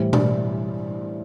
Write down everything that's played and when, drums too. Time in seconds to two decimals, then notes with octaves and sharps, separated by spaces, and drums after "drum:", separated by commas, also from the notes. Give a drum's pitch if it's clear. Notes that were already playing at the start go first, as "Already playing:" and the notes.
Already playing: A2 E3 G3 C5
0.13 D5, drum: tom B2